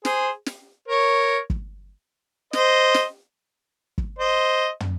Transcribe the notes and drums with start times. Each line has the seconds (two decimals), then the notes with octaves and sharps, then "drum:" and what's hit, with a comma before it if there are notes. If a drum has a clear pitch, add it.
0.05 G#4 C5, drum: snare
0.46 drum: snare
0.88 A#4 C#5
1.50 drum: kick
2.53 C5 D#5, drum: snare
2.94 drum: snare
3.98 drum: kick
4.19 C5 D#5
4.80 drum: tom